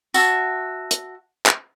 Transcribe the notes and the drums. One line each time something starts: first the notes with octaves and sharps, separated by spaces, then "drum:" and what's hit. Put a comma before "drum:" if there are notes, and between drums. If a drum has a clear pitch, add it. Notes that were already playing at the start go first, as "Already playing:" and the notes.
F#4 E5 A5, drum: tambourine
drum: hi-hat
drum: clap